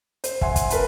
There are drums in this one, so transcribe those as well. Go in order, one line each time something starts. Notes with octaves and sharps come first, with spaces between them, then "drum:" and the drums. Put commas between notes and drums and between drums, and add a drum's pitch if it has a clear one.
C5, drum: hi-hat
E5 F#5 G#5 C6, drum: kick
drum: kick, hi-hat
A#4 B4 A5 B5, drum: hi-hat